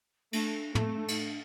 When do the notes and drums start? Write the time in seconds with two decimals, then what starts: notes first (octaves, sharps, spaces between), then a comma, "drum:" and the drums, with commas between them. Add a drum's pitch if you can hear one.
0.33 A3 D4, drum: cymbal
0.75 A3 A#3, drum: tom
0.86 C4
0.97 D4
1.08 D#4, drum: cymbal
1.19 D4